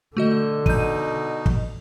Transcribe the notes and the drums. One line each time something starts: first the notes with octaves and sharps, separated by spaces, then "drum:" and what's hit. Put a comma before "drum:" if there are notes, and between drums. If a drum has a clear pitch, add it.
D3 A3 F#4 D#5
B2 D#4 G6 D#7, drum: kick
drum: kick